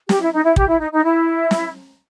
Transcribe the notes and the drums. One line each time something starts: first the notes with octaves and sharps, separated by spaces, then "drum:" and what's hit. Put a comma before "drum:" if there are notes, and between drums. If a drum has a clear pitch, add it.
G4, drum: snare
E4
D#4
E4
G4, drum: kick
E4
D#4
D#4
E4
drum: snare